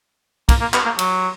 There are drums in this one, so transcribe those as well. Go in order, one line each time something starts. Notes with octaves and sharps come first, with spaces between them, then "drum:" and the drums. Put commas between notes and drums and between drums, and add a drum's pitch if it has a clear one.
A#3, drum: kick, cymbal
A#3
B3, drum: clap
A#3
F#3, drum: cymbal